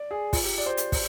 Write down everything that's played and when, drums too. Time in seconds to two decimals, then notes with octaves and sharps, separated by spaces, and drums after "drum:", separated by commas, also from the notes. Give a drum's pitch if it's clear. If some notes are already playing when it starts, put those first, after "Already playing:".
Already playing: D5
0.11 G#4
0.33 F4, drum: kick, open hi-hat
0.44 G4
0.58 D5
0.66 C5
0.77 drum: hi-hat
0.92 drum: kick, open hi-hat